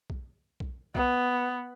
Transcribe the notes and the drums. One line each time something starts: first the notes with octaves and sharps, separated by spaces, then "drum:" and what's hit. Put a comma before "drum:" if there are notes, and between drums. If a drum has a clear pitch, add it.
drum: kick B1
drum: kick B1
B3, drum: kick B1